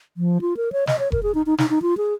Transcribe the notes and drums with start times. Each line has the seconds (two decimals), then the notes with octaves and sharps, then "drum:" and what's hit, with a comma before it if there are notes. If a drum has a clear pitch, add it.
0.17 F3
0.41 F4
0.57 A#4
0.72 C#5
0.87 D#5, drum: snare
0.99 C#5
1.12 A#4, drum: kick F1
1.23 G#4
1.35 D#4
1.46 D#4
1.58 D#4, drum: snare
1.70 D#4
1.82 F4
1.97 G#4